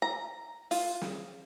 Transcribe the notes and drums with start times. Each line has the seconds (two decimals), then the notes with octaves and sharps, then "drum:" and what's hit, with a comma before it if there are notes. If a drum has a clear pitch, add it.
0.02 A#5
0.71 F4, drum: open hi-hat
1.01 drum: snare